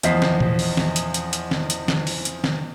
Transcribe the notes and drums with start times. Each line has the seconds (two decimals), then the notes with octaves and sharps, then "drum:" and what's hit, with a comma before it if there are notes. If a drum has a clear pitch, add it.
0.03 E2 F3 D#5 F#5 B6 C7, drum: hi-hat
0.22 drum: snare
0.40 drum: tom A#2
0.59 drum: open hi-hat
0.77 drum: snare
0.96 drum: hi-hat
1.14 drum: hi-hat
1.33 drum: hi-hat
1.51 drum: snare
1.70 drum: hi-hat
1.88 drum: snare
2.07 drum: open hi-hat
2.25 drum: hi-hat
2.44 drum: snare